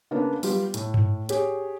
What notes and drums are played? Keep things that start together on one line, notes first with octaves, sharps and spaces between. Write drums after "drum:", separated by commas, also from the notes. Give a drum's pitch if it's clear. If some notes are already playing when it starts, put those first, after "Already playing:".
C#3 A#3 B3 D4
G3 B3 F4 G4, drum: open hi-hat
A2, drum: hi-hat
drum: tom G2
G4 G#4 C#5, drum: hi-hat